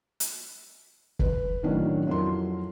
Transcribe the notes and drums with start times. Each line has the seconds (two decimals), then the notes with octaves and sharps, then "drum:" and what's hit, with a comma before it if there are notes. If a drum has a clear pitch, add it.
0.20 drum: hi-hat
1.19 B4, drum: kick
1.63 A2 D#3 F#3 C#4 D4
2.07 F2 F#3 E4 A#4 C6